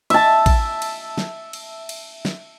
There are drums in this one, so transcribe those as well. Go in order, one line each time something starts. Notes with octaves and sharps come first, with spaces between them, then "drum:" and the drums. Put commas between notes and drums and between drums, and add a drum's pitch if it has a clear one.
E5 A5, drum: cymbal
drum: kick, cymbal
drum: cymbal
drum: snare
drum: cymbal
drum: cymbal
drum: snare